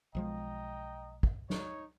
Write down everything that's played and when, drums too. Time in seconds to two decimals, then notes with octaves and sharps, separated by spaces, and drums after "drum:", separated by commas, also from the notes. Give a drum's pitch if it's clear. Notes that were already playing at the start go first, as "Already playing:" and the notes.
0.15 B1 F3 G#3 D#5 G5 A#5
1.23 drum: kick
1.50 D#4 C#5, drum: snare